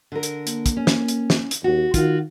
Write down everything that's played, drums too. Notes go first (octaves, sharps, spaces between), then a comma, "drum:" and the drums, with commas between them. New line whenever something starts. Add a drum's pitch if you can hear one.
D3 A#4
drum: hi-hat
A#3, drum: hi-hat
drum: kick, hi-hat
C#4
drum: snare
drum: hi-hat
drum: snare
drum: hi-hat
D#2 F#4
D#3 F4 F#4, drum: kick, hi-hat